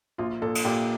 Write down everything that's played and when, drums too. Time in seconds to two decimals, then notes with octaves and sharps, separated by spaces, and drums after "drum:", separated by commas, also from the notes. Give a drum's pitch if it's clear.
0.18 A#1 F4
0.42 A#2 A4
0.55 drum: cymbal
0.65 A#2 G4